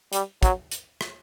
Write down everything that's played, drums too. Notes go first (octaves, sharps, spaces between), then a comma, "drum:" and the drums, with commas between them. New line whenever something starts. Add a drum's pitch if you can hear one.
G3, drum: hi-hat
F#3, drum: kick, hi-hat
drum: hi-hat
drum: rim click